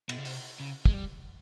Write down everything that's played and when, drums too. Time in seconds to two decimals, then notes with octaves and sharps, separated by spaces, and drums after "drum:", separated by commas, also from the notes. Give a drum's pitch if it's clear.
0.09 B2, drum: cymbal
0.19 C#3
0.25 C3, drum: open hi-hat
0.60 C#3
0.86 G#3, drum: kick
0.94 G3